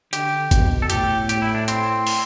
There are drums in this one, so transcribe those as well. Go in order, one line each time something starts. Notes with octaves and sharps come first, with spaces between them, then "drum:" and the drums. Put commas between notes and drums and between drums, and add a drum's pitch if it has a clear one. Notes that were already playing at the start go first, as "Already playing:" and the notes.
D3 G4, drum: hi-hat
B2, drum: kick, hi-hat
A4
A2 G4, drum: hi-hat
G4, drum: hi-hat
E4
D4
C4, drum: hi-hat
drum: open hi-hat